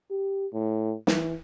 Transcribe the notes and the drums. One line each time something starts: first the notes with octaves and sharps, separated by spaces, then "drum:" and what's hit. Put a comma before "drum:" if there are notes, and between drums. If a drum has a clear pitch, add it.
G4
A2
E3, drum: snare